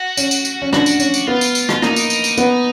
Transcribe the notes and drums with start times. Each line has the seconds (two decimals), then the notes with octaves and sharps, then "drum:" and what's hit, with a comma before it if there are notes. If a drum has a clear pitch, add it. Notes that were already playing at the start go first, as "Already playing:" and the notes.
Already playing: F#4
0.17 C#4, drum: tambourine
0.31 drum: tambourine
0.45 drum: tambourine
0.62 C#4
0.73 D4 F#4, drum: rim click
0.86 drum: tambourine
1.00 C#4, drum: tambourine
1.14 drum: tambourine
1.27 B3 F4
1.41 drum: tambourine
1.55 drum: tambourine
1.69 drum: rim click
1.82 A#3 D#4, drum: rim click
1.96 drum: tambourine
2.10 drum: tambourine
2.24 drum: tambourine
2.38 B3, drum: tambourine